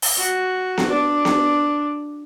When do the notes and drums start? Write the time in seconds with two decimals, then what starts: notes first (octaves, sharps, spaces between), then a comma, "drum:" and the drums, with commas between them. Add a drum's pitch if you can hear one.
0.02 drum: open hi-hat
0.16 F#4
0.78 drum: snare B3
0.88 D4
1.25 drum: snare B3